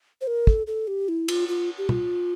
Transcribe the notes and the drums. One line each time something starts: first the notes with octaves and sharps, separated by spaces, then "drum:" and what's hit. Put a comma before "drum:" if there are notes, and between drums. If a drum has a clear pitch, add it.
C5
A#4
A4, drum: kick
A4
G4
E4
F4, drum: cymbal
F4
G4
F4, drum: tom